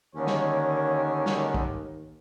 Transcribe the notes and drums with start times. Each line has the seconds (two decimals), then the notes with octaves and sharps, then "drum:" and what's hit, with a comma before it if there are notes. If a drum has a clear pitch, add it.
0.15 D#2 D3 D#3 C#4 C#5
0.27 drum: snare
1.26 drum: snare
1.54 drum: kick